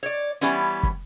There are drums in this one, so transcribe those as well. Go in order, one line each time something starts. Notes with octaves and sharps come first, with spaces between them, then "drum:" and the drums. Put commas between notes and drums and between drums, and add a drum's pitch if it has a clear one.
C#5 D5
E3 G3 B3 C#4, drum: hi-hat
drum: kick